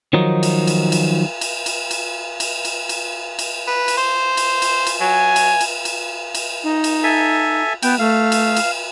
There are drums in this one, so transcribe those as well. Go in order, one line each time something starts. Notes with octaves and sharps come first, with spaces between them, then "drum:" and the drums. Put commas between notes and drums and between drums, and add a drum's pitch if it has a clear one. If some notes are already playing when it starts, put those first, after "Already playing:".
D#3 F3 F#3 D#4
drum: cymbal
drum: cymbal
drum: cymbal
drum: cymbal
drum: cymbal
drum: cymbal
drum: cymbal
drum: cymbal
drum: cymbal
drum: cymbal
B4
drum: cymbal
C5
drum: cymbal
drum: cymbal
drum: cymbal
F#3 G#5
drum: cymbal
drum: cymbal
drum: cymbal
drum: cymbal
D#4
drum: cymbal
A4 E5 G#5
B3 G5, drum: cymbal
A3 F5
drum: cymbal
drum: cymbal